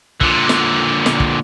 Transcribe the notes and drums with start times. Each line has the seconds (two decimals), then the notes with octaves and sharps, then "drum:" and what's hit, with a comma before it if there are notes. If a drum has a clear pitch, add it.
0.21 A#2 D3, drum: kick
0.49 drum: snare
1.06 drum: snare
1.20 drum: kick